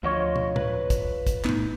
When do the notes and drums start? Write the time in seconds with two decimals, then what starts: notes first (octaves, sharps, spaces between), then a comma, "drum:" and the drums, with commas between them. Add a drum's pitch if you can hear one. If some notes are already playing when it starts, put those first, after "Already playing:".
0.03 D2 F3 F4 C#5 D#5
0.36 drum: tom
0.56 B4, drum: tom A2
0.90 drum: kick, hi-hat
1.27 drum: kick, hi-hat
1.45 A2 B3 D#4, drum: clap